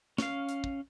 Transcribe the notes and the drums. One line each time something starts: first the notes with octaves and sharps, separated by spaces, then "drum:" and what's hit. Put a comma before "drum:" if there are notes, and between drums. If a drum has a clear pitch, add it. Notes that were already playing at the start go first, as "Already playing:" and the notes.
C#4 F5, drum: snare
drum: hi-hat
drum: kick